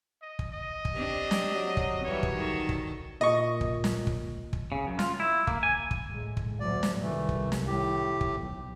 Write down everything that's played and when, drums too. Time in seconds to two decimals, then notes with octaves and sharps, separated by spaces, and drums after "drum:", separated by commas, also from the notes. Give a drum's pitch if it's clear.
0.22 D#5
0.39 drum: kick
0.52 D#5
0.85 drum: kick
0.94 C4 D4 G4
1.31 drum: snare
1.54 F#3
1.77 drum: kick
2.04 E3 G3 C#5
2.23 drum: kick
2.35 D#3 A4
2.69 drum: kick
3.21 A#2 D#5 C#6
3.61 drum: kick
3.84 drum: snare
4.07 drum: kick
4.53 drum: kick
4.72 C#3
4.87 F#2
4.99 F4, drum: snare
5.20 E4
5.47 A#3, drum: kick
5.63 G#5
5.91 drum: kick
6.09 A2 G#3
6.37 drum: kick
6.60 D2 A#2 F#3 D5
6.83 drum: snare
7.01 C2 D#3 E3 A3
7.29 drum: kick
7.52 drum: snare
7.67 A2 G4
8.21 drum: kick
8.36 B1